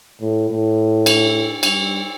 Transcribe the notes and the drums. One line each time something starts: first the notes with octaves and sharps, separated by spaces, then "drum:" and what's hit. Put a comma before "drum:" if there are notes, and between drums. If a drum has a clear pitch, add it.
A2
A2
drum: cymbal
G2, drum: cymbal